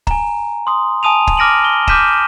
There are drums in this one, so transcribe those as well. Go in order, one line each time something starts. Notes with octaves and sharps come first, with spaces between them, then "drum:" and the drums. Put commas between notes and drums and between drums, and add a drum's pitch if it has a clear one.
G#5 A#5, drum: kick
C6 D#6
G#5 A5 D#6 D#7 F7
drum: kick
D6 F6 A#6 D7 D#7 F#7
G7
D6 F6 G6 B6 D#7 E7, drum: kick